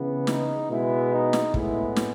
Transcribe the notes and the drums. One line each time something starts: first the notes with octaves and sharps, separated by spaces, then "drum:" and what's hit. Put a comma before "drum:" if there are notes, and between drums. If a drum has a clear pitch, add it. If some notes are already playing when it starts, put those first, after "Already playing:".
Already playing: C#3 E3 B3
D#4, drum: snare
B2 G#3 B3 E4
D#4
drum: snare
A2 G#3 B3 E4, drum: kick
drum: snare